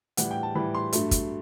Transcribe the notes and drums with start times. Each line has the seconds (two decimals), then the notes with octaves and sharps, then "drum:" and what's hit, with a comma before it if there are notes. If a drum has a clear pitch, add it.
0.17 A2 E3 G3 F#5, drum: hi-hat
0.31 G5
0.43 A5
0.55 A2 E3 G3 B5
0.75 C6
0.93 G2 F#3 A3, drum: hi-hat
1.11 drum: kick, hi-hat